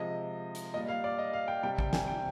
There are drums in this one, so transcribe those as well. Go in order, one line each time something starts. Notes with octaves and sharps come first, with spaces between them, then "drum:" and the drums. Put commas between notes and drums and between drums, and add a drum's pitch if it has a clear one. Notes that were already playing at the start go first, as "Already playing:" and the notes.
Already playing: C3 F3 G#3 D#5
drum: hi-hat
A#2 G3 D#5
F5
D5
D#5
F5
G5
C3 G3 G5
G5, drum: kick A1
G#5, drum: snare
G5